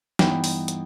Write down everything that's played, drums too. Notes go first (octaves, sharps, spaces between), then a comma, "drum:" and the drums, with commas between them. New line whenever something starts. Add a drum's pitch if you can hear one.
G2 E3 B3 D#4 G5, drum: snare
drum: open hi-hat
drum: hi-hat